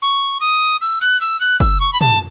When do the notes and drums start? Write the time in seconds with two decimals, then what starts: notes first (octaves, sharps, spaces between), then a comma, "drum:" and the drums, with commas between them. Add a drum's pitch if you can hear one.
0.02 C#6
0.41 D#6
0.81 E6
1.01 F#6, drum: hi-hat
1.21 E6
1.41 F#6
1.60 E6, drum: kick F#1
1.80 C#6
1.93 B5
2.01 A5, drum: tom